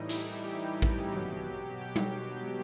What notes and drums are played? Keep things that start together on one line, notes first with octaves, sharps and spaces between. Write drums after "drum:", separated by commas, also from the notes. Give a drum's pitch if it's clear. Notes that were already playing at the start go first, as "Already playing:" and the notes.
Already playing: A2 E3 G3 D#4
E4, drum: hi-hat
G4
drum: kick A1
B2 F#3
G4
drum: tom G3